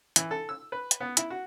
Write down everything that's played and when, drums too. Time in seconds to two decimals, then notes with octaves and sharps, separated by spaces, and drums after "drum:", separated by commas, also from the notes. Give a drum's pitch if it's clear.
0.16 E3, drum: hi-hat
0.31 A4
0.49 E6
0.72 B4
0.91 drum: hi-hat
1.00 B3
1.17 E4, drum: hi-hat
1.30 F#4